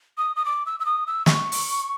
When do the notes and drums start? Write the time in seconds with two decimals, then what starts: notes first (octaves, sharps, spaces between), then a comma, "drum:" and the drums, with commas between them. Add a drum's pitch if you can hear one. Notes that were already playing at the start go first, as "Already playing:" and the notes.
0.18 D#6
0.36 D#6
0.45 D6
0.66 E6
0.80 E6
0.86 D#6
1.07 E6
1.26 C#6, drum: snare
1.52 drum: open hi-hat